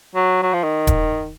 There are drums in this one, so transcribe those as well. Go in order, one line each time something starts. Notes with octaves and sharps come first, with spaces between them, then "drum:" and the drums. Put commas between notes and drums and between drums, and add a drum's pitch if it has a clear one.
F#3
F#3
F3
D#3
drum: kick D#1, hi-hat